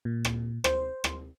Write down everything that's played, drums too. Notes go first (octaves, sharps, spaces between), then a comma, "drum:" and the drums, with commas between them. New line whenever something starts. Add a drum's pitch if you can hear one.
A#2
drum: rim click
C5, drum: rim click
drum: rim click